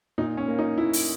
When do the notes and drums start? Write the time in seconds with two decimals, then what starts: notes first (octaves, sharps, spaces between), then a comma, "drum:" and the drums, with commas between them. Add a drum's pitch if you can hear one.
0.18 A#2 D#4
0.37 C#4
0.48 A#3
0.59 D#4
0.78 A#3 E4
0.93 drum: open hi-hat